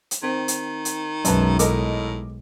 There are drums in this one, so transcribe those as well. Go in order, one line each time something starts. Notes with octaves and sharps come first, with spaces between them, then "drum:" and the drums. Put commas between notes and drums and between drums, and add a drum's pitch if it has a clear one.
drum: hi-hat
D#3 C4
drum: hi-hat
drum: hi-hat
B1 F#2 G#3 B4 A5 A#5, drum: hi-hat
A2 A4 A#4 D#5 D6, drum: hi-hat